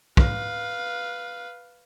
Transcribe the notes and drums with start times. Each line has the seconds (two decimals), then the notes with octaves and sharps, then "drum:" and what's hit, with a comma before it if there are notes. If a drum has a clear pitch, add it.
0.17 B4 F5, drum: kick